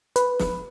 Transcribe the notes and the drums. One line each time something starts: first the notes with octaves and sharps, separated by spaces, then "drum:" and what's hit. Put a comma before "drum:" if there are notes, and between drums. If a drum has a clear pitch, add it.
B4, drum: hi-hat
drum: snare